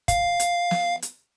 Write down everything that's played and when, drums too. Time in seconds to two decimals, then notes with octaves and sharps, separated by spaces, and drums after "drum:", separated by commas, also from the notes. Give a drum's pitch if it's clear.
0.08 F5, drum: kick, hi-hat
0.40 drum: hi-hat
0.71 drum: snare
1.02 drum: hi-hat